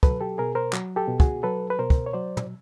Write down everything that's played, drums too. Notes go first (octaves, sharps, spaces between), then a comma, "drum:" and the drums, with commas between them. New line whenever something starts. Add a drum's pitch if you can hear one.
F#3 A4 B4, drum: kick
G4 A4
B2 G#4 A#4
A#4 C5
F#3, drum: clap
G4 A4
B2
F#4 G#4, drum: kick
F#3 A4 B4
B4
B2 A#4 C5
drum: kick
C#5
F#3 C5 D5
drum: tom